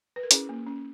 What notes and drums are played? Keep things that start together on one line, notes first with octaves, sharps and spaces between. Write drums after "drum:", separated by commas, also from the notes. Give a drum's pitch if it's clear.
B4
A#4
C#4 E4 G#4, drum: hi-hat
A#3
C#4